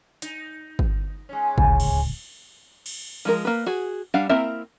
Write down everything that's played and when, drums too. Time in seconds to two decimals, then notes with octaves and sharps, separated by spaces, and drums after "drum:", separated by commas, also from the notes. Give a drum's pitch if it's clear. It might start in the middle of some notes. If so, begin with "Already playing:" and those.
0.22 D#4, drum: hi-hat
0.79 drum: kick
1.29 G#3 C#4
1.58 D1 C#2, drum: kick
1.80 drum: cymbal
2.86 drum: cymbal
3.25 F3 G#3 A#4
3.45 A#3 B4
3.66 F#4 G#4
4.14 G3 D4 F5 F#5
4.29 A#3 C4 E4 A#4 E5